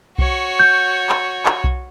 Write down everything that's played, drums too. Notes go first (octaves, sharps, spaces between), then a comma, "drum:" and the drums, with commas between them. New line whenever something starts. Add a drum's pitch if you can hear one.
F#4 C#5, drum: kick B1
G6
drum: clap
drum: clap
drum: kick B1